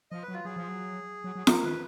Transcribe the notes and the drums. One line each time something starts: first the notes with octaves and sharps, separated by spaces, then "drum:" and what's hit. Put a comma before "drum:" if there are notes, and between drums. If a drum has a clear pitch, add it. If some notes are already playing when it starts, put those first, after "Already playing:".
F3 D#5
B4
F#3
F4
F#3 G#4
F3
F#3
F#3
F#3
F3 A#4, drum: snare F4
D#3 B4